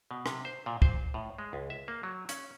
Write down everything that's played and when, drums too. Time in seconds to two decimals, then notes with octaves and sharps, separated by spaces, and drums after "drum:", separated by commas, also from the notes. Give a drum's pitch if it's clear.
0.11 B2
0.26 C3, drum: rim click
0.45 C5
0.66 A#2
0.82 C5, drum: kick
1.14 A2
1.38 G#3
1.53 C#2
1.70 E5
1.88 A#3
2.03 F#3
2.29 C#4, drum: hi-hat